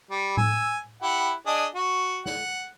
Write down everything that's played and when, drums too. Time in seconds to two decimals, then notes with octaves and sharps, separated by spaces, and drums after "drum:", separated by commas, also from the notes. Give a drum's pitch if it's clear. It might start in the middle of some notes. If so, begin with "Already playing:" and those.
0.11 G3
0.37 G#5 E6, drum: tom A2
1.02 E4 G4 F#5
1.46 D4 G#4 D#5
1.75 F#4
2.26 F#5, drum: snare